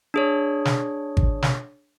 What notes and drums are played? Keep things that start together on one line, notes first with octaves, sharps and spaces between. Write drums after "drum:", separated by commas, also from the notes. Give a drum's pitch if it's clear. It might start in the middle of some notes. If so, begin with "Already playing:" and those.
D4 G#4 C#5
drum: snare
drum: kick G#1
drum: snare